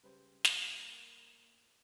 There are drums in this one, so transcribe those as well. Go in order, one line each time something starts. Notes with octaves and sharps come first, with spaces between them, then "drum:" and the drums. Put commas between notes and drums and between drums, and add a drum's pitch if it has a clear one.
C#3 G3 B4 C5
A#3 A#4 B5, drum: snare